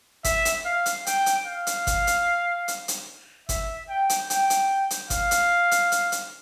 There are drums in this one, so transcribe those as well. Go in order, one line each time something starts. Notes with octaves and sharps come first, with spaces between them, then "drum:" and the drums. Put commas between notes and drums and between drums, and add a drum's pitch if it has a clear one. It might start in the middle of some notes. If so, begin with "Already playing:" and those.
E5, drum: kick G1, hi-hat
drum: hi-hat
F5
drum: hi-hat
G5, drum: hi-hat
drum: hi-hat
F5
drum: hi-hat
drum: kick G1, hi-hat
drum: hi-hat
drum: hi-hat
drum: hi-hat
E5, drum: kick G1, hi-hat
G5
drum: hi-hat
G5, drum: hi-hat
drum: hi-hat
drum: hi-hat
F5, drum: kick G1, hi-hat
drum: hi-hat
drum: hi-hat
drum: hi-hat
drum: hi-hat